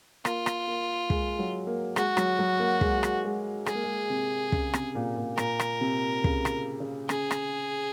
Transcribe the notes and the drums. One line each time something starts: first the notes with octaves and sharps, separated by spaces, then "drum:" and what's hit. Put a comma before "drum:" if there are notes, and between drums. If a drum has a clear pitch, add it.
A#3 F4, drum: rim click
drum: rim click
A#3
G#3, drum: kick
F#3
A#3
G#3 F#4, drum: rim click
F#3, drum: rim click
F#3
A#3
G#3, drum: kick
drum: rim click
G#3
G#3 G#4, drum: rim click
A#3
G#3
C3
C#3, drum: kick
C3, drum: rim click
A#2
A#2
A#2 A#4, drum: rim click
drum: rim click
C3
C#3, drum: kick
drum: rim click
C#3
C#3 G#4, drum: rim click
drum: rim click